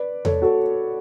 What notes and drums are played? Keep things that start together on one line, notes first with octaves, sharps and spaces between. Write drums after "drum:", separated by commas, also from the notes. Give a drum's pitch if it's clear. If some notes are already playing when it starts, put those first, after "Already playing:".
Already playing: B4 D5
A4 C#5, drum: tom E2
F#4 A4